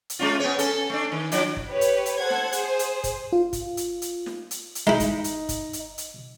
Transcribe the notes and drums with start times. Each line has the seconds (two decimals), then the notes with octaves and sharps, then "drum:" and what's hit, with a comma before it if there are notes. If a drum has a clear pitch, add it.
0.10 drum: hi-hat
0.19 G#3 C#4 F4
0.40 B3 C#4 C#5
0.59 C#4 A4, drum: hi-hat
0.90 A3 D4
1.12 D#3
1.32 F3 D4 E4, drum: hi-hat
1.57 drum: kick
1.69 G4 B4 C#5
1.81 drum: hi-hat
2.06 drum: hi-hat
2.19 A4 C5 F#5 G#6
2.30 drum: snare
2.52 G#4 C5, drum: hi-hat
2.79 drum: hi-hat
3.04 drum: kick, hi-hat
3.33 F4
3.53 drum: kick, hi-hat
3.77 drum: hi-hat
4.02 drum: hi-hat
4.26 drum: snare
4.51 drum: hi-hat
4.75 drum: hi-hat
4.87 G#3 D#4 E4
5.00 drum: kick, hi-hat
5.24 drum: hi-hat
5.49 drum: kick, hi-hat
5.73 drum: hi-hat
5.98 drum: hi-hat